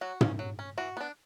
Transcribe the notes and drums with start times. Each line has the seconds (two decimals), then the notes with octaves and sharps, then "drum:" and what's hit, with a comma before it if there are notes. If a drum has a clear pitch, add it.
0.01 F#3 F#4
0.21 C#4, drum: tom
0.39 F#3
0.59 C#4
0.78 E3 F#4
0.97 B3 D4